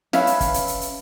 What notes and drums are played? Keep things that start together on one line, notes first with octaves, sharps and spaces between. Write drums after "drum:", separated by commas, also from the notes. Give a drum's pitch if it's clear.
C#4 B4 E5 F5, drum: snare
drum: hi-hat
drum: kick, hi-hat
drum: hi-hat
drum: hi-hat
drum: hi-hat